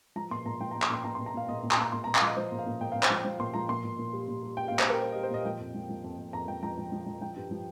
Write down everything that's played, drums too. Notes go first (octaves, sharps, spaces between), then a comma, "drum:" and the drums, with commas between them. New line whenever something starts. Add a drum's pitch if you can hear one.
F3 A#5
A#2 C6
A#2 A#5
F3 G5
A#5
A#2
A#5, drum: clap
A#2 C6
A#2 A#5
C6
A#2
A#5
A#2 F5
A#2 D#5
D#5
A#2
C6, drum: clap
A#2 A#5
A#2 C6
A#5
A#2
F5, drum: clap
F3 D#5
F3 C5
A#2
F5
A#2
A#2 G5
F5
A#2
C5, drum: clap
F3
F3 C5
A#2 C6
F3 A#5
A#2 C6
A#2
A#2
G3
A#2
G3
G3 G5
F5
A#2
C5, drum: clap
G3 A#4
G3 C5
D#5
G3
C5
A#2 D#5
F3 G5
F2
F3
F3
F2
F2
F2 A#5
F3 G5
F3 A#5
F3
F3
F3
F3 G5
G2
F3